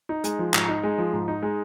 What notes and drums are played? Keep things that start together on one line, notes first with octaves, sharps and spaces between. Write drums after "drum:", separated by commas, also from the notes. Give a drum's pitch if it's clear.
D#4
G#3, drum: hi-hat
F3
G#2, drum: clap
D#4
G#3
F3
G#2
D#4
G#3